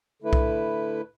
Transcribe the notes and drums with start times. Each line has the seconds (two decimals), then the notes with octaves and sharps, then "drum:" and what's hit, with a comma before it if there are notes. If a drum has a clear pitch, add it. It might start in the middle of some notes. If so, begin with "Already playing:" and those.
0.22 D3 A3 E4 B4
0.33 drum: kick B1